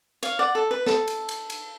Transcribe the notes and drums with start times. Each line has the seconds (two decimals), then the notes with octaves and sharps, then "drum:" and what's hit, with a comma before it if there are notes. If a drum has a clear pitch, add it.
0.23 C#5 F5, drum: cymbal
0.39 D5 F#5
0.55 A4
0.71 B4
0.86 A4, drum: snare
1.08 drum: cymbal
1.29 drum: cymbal
1.50 drum: cymbal